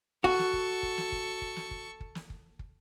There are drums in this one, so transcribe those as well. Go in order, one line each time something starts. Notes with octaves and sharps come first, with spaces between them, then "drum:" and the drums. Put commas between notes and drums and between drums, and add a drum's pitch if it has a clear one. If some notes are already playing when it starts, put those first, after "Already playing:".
F#4 A4 C#6, drum: kick
drum: snare
drum: kick
drum: kick
drum: snare
drum: kick
drum: kick
drum: snare
drum: kick
drum: kick
drum: snare
drum: kick
drum: kick